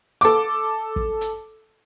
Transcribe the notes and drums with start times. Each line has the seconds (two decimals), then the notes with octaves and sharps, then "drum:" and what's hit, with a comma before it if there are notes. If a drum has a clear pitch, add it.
0.21 A4 D6, drum: hi-hat
0.96 drum: kick
1.21 drum: hi-hat